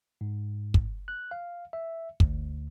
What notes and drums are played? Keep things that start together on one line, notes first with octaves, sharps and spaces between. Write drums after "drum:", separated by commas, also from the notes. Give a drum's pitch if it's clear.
G#2
drum: kick
F#6
F5
E5
D2, drum: kick